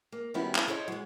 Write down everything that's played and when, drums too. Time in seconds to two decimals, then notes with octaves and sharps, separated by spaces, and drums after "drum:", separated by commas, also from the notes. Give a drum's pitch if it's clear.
0.12 A#3
0.34 D#3 F#3 G3 B3 C#4 E4
0.55 drum: clap
0.68 E4 A4 C5 C#5 D#5
0.88 F#3 G#3